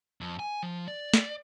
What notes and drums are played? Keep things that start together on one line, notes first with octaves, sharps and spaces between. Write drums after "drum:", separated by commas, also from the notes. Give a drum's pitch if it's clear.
F2
G#5
F3
D5
drum: snare